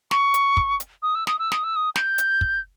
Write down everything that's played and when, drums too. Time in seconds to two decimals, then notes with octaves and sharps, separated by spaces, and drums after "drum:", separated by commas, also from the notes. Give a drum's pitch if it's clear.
0.11 C#6, drum: snare
0.34 drum: hi-hat
0.57 drum: kick
0.80 drum: hi-hat
1.03 D#6
1.15 E6
1.27 D#6, drum: snare
1.39 E6
1.52 D#6, drum: snare
1.64 E6
1.76 D#6
1.96 G6, drum: snare
2.18 drum: hi-hat
2.41 drum: kick